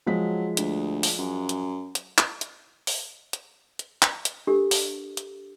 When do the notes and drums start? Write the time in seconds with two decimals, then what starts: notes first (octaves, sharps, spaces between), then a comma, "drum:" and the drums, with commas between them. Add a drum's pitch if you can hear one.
0.06 F3 F#3 G#3 B6
0.57 D2, drum: hi-hat
1.03 drum: open hi-hat
1.19 F#2
1.49 drum: hi-hat
1.95 drum: hi-hat
2.18 drum: clap
2.41 drum: hi-hat
2.87 drum: open hi-hat
3.33 drum: hi-hat
3.79 drum: hi-hat
4.02 drum: clap
4.25 drum: hi-hat
4.47 D4 G4 A4 A#4
4.71 drum: open hi-hat
5.17 drum: hi-hat